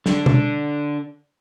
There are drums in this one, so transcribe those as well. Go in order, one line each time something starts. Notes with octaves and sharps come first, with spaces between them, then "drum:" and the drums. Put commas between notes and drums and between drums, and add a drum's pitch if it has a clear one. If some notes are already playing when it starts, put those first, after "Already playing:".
D3 D4, drum: snare
drum: tom B2